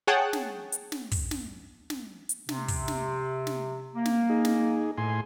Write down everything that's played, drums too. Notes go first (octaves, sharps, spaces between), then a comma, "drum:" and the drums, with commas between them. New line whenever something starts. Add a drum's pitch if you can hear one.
G#4 C#5 F#5 G5 A5
drum: snare
drum: hi-hat
drum: snare
drum: kick, open hi-hat
drum: snare
drum: snare
drum: hi-hat
C3, drum: snare
drum: kick, open hi-hat
drum: snare
drum: snare
A#3
drum: snare
D#4 G#4
drum: snare
A2 G#5 C6